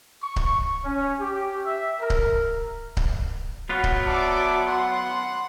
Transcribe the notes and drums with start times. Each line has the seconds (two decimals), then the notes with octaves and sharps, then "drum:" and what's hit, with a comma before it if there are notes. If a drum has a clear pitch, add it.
0.23 C#6
0.36 drum: kick C#1
0.84 C#4
1.19 G4
1.65 E5
2.00 A#4
2.10 drum: kick C#1
2.97 drum: kick C#1
3.69 F#3 B3 F4 F#4
3.84 drum: kick C#1
4.05 D5 E5 A5 D6
4.66 F#5 C6